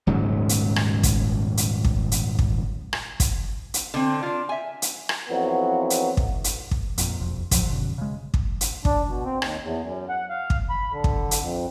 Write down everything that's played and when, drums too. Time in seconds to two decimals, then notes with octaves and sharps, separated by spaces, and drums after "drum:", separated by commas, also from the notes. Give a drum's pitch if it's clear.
0.07 D#1 G#2 C#3 F#3
0.49 drum: hi-hat
0.76 drum: rim click
1.03 drum: kick, hi-hat
1.57 drum: hi-hat
1.84 drum: kick
2.12 drum: hi-hat
2.39 drum: kick
2.93 drum: rim click
3.20 drum: kick, hi-hat
3.74 drum: hi-hat
3.94 D3 C4
4.23 D4 F4
4.49 E5 G#5
4.82 drum: hi-hat
5.09 drum: rim click
5.29 F2 E3 F#3 B3
5.90 drum: hi-hat
6.17 drum: kick
6.44 drum: hi-hat
6.71 drum: kick
6.98 F2 A#2, drum: hi-hat
7.19 E1 A#1 F2
7.51 E2 A#2 F3 F#3, drum: kick, hi-hat
7.69 F#2 B2 D3
7.98 C#3 G#3
8.34 drum: kick
8.61 drum: hi-hat
8.85 D4, drum: kick
9.08 B2
9.24 C4
9.42 D#2, drum: rim click
9.63 E2
9.83 F#2
10.09 F#5
10.30 F5
10.50 drum: kick
10.70 B5
10.92 D3
11.04 drum: kick
11.31 drum: hi-hat
11.40 F2